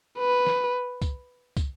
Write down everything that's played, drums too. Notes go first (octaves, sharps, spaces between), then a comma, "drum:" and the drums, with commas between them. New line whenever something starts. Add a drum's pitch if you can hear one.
B4
drum: snare
drum: kick, tambourine
drum: kick, tambourine